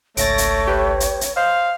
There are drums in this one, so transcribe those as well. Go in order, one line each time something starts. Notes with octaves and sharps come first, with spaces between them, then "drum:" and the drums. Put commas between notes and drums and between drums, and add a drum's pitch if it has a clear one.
G#1 C#2 A3 C#5 A6 A#6 D7, drum: hi-hat
drum: hi-hat
G4 B4
drum: hi-hat
drum: hi-hat
C5 D#5 F5